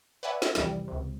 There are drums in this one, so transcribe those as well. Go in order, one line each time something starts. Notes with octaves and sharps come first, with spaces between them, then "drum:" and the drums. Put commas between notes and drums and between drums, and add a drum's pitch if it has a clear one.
B4 C#5 D5 E5 F#5 G#5
E6, drum: snare
C2 F2 E3 G3, drum: snare
C#2 C3